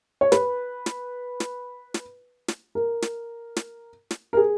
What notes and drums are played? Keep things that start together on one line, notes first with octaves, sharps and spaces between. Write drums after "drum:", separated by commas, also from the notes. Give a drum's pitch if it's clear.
C#5
B4, drum: snare
drum: snare
drum: snare
drum: snare
drum: snare
A#4
drum: snare
drum: snare
drum: snare
A#4
G#4